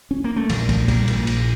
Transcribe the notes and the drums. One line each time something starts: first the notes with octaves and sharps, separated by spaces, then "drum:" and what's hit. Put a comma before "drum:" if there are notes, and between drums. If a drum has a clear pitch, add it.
C#4
A#3
A3
A#1 A#2 E3 G3, drum: cymbal
F3 A3, drum: kick, cymbal
G3 A#3, drum: kick, cymbal
A#1 A#2, drum: cymbal
drum: cymbal